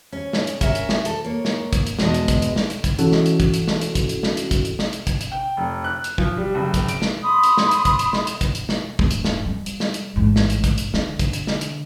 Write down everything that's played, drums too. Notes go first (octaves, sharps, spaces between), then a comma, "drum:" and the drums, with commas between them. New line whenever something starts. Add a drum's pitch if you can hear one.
C#4
drum: snare
drum: hi-hat
C#4 A#4 E5, drum: kick, hi-hat
drum: hi-hat
drum: snare
A4, drum: hi-hat
A#3 C#5
drum: snare
drum: kick, hi-hat
drum: hi-hat
E2 B2 G#3 A#4 D#5 A5, drum: snare
drum: hi-hat
drum: kick, hi-hat
drum: hi-hat
drum: snare
drum: hi-hat
drum: kick, hi-hat
E3 C#4 E4 F#4 A4, drum: hi-hat
drum: snare
drum: hi-hat
drum: kick, hi-hat
drum: hi-hat
drum: snare
drum: hi-hat
drum: kick, hi-hat
drum: hi-hat
drum: snare
drum: hi-hat
drum: kick, hi-hat
drum: hi-hat
drum: snare
drum: hi-hat
drum: kick, hi-hat
drum: hi-hat
G5
F1
F#6
drum: hi-hat
F3, drum: kick
G3
F#1
drum: kick, hi-hat
D7, drum: hi-hat
drum: snare
B5 C6 D#6
drum: hi-hat
drum: snare
drum: hi-hat
drum: kick, hi-hat
drum: hi-hat
drum: snare
drum: hi-hat
drum: kick, hi-hat
drum: hi-hat
drum: snare
D1 G2, drum: kick
drum: hi-hat
drum: snare
G3
drum: hi-hat
drum: snare
drum: hi-hat
A1 G#2
drum: snare
drum: hi-hat
drum: kick, hi-hat
drum: hi-hat
D3, drum: snare
drum: kick, hi-hat
drum: hi-hat
drum: snare
drum: hi-hat